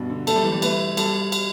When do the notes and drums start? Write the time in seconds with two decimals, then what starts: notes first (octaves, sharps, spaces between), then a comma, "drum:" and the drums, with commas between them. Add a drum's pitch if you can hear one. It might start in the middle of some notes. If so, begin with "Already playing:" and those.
Already playing: G2 B2
0.10 D3
0.27 A3 A4, drum: cymbal
0.36 G3
0.44 E3
0.52 G3
0.62 A3 B4, drum: cymbal
0.97 G3 A4, drum: cymbal
1.32 drum: cymbal